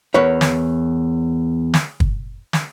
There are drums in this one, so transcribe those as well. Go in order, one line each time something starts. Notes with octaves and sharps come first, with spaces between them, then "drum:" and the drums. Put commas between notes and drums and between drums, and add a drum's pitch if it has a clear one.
E2 A#4 B4 C#5
drum: snare
drum: snare
drum: kick
drum: snare